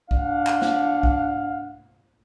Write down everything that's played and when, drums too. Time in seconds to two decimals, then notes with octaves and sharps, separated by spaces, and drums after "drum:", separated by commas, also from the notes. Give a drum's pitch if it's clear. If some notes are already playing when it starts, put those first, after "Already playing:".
0.11 D4 F5 F#5, drum: kick
0.47 drum: clap
0.62 drum: snare
1.03 drum: kick